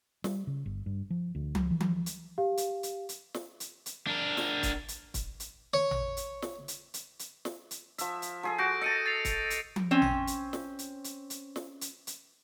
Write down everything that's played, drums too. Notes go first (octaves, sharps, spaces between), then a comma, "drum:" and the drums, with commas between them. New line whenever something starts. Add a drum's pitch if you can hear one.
G3, drum: snare
C#3
G1
G2
F3
D2
C#2, drum: tom F3
E3
drum: tom F3
drum: hi-hat
G4 F5
drum: hi-hat
drum: hi-hat
drum: hi-hat
drum: snare
drum: hi-hat
drum: hi-hat
D4 A#4
drum: snare
drum: kick, hi-hat
drum: hi-hat
drum: kick, hi-hat
drum: hi-hat
C#5
drum: tom A1
drum: hi-hat
drum: snare
drum: hi-hat
drum: hi-hat
drum: hi-hat
drum: snare
drum: hi-hat
F3 E5, drum: hi-hat
drum: hi-hat
F3 G#4 A4
F#4 G6 A#6 D7
D#5 A5 E6 C#7 D#7
A6 C7 F7
drum: kick, hi-hat
drum: hi-hat
drum: tom F3
C4 C#4
drum: tom A1
drum: hi-hat
drum: snare
drum: hi-hat
drum: hi-hat
drum: hi-hat
drum: snare
drum: hi-hat
drum: hi-hat